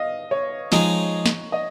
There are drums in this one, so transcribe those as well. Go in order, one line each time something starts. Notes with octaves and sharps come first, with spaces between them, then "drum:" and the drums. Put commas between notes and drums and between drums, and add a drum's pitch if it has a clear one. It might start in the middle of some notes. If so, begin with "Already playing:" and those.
Already playing: D#5 F5
C#5
F3 G#3 D#4 G#4, drum: snare
drum: snare
D#5